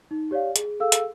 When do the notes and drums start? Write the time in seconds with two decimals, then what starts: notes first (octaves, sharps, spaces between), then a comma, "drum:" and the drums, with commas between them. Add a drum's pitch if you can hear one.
0.11 D#4
0.31 G4 C#5 D5 F5
0.56 G#4, drum: hi-hat
0.80 G#4 A4 F5 E6
0.92 drum: hi-hat